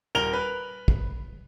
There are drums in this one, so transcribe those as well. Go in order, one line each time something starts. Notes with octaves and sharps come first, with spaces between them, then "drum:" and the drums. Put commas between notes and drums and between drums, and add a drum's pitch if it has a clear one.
D#1 A#4 F7 G7
B4
drum: kick